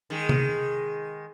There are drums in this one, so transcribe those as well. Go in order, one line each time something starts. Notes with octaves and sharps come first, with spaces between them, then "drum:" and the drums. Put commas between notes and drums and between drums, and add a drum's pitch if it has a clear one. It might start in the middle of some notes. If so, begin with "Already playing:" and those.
D#3 G#3
drum: tom C3